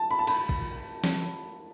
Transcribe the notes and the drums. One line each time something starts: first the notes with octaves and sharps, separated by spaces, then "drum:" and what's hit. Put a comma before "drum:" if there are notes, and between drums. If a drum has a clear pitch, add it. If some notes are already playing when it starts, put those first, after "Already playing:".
Already playing: A5
B5
A5
B5, drum: cymbal
drum: kick
drum: snare